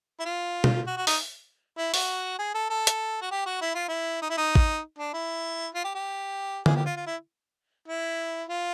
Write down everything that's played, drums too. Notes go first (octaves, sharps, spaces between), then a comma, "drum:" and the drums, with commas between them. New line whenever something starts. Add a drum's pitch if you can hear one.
E4
F4
drum: tom
F#4
F#4
D#4, drum: open hi-hat
E4
F#4, drum: open hi-hat
G#4
A4
A4
drum: hi-hat
F#4
G4
F#4
E4
F4
E4
D#4
E4
D#4
drum: kick
D4
E4
F4
G4
G4
G#4, drum: tom D3
G4
F4
F4
E4
E4
F4